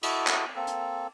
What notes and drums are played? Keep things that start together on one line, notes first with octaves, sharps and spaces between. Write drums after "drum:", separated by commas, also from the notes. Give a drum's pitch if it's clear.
E4 F#4 A4 D#5, drum: cymbal
drum: clap
A#3 C4 A4
drum: hi-hat